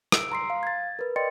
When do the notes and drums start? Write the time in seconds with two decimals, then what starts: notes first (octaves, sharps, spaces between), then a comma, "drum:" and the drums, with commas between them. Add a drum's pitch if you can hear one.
0.12 E6 D7, drum: rim click
0.32 A#5 C6 C7
0.50 F5
0.63 G#6 A6
0.99 A#4 B4
1.16 D5 D#5 G5 C6 A6 C#7